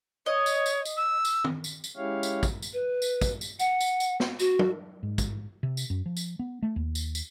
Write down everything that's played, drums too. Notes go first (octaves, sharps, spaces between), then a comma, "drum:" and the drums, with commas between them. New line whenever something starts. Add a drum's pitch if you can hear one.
C#5 D#5
drum: tambourine
drum: tambourine
drum: tambourine
E6
drum: tambourine
drum: tom
drum: tambourine
drum: tambourine
G#3 C#4 E4 G4 C#5 F5
drum: tambourine
drum: kick, tambourine
drum: tambourine
B4
drum: tambourine
drum: kick, tambourine
drum: tambourine
F#5, drum: tambourine
drum: tambourine
drum: tambourine
drum: snare
F#4, drum: tambourine
drum: tom
G#2
drum: kick, tambourine
C3
drum: tambourine
F#2
F3
drum: tambourine
B3
A3
D#2
drum: tambourine
drum: tambourine